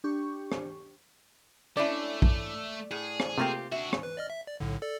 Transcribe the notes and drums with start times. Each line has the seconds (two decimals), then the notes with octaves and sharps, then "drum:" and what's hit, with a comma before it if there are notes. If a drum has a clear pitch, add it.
0.04 D4 G4 C#6
0.52 drum: rim click
1.77 A3 C#4 D4 E4 D5
2.22 drum: kick A#1
2.91 A2 G#4
3.20 drum: rim click
3.38 C3 A3 A#3 C4 F4 G4
3.72 D4 F#4 E5
3.93 drum: rim click
4.03 B4
4.17 D5 D#5 F6
4.30 E5
4.47 D5
4.60 B1 A2 D3
4.82 A4 D5